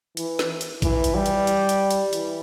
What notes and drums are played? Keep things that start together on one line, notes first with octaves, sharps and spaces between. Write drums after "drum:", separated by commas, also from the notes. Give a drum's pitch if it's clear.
E3, drum: hi-hat
drum: snare
drum: hi-hat
E3, drum: kick, hi-hat
drum: hi-hat
G3
drum: hi-hat
drum: hi-hat
drum: hi-hat
drum: hi-hat
E3, drum: hi-hat